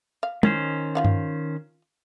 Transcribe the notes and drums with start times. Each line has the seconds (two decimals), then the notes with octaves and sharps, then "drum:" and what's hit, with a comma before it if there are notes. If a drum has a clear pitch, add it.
0.23 F5
0.43 D#3 C#4 C5, drum: tom
0.95 F4 F5 F#5
1.05 drum: tom G2